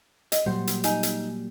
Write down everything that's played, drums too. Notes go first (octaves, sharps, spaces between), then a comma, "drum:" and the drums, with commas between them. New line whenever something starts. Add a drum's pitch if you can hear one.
D#5, drum: hi-hat
A#2 F#3 G3 C5 F#5
drum: hi-hat
D#4 G#5 A#5, drum: hi-hat
drum: hi-hat